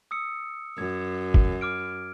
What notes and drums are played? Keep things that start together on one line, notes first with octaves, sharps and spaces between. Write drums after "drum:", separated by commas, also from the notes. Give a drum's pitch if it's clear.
D#6 E6 C#7
F#2 G#6
drum: kick
D6 F6 D7